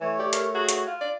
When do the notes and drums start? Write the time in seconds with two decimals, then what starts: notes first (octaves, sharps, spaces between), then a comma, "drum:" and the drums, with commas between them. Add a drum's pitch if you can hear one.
0.01 E3 A3 C#5
0.19 G4 D5
0.33 A#4, drum: hi-hat
0.55 F#4 G#4
0.69 drum: hi-hat
0.87 F4
1.01 D5